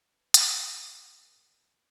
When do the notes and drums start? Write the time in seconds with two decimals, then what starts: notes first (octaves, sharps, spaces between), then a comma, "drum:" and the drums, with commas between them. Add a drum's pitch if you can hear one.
0.13 B3
0.34 D4, drum: hi-hat
0.56 B3
1.19 A#3
1.27 B3
1.35 A#3